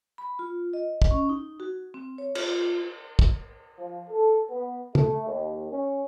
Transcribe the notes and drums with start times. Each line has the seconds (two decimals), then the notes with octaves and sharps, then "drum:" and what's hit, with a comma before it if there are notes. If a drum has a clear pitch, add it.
0.18 B5
0.39 F4
0.73 D#5
1.02 drum: kick
1.11 C#4
1.29 D#4
1.60 F#4
1.94 C4
2.18 C#5
2.35 F4, drum: cymbal
3.19 drum: kick
3.78 F3
4.09 A4
4.50 B3
4.95 A3, drum: tom
5.26 D#2
5.71 C#4